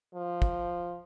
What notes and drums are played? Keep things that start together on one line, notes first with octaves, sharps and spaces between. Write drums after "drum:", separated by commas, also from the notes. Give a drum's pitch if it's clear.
F3
drum: kick